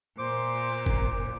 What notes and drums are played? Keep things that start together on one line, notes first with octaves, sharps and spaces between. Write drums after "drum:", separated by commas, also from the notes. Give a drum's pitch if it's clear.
A#2 C5 D6
drum: kick F#1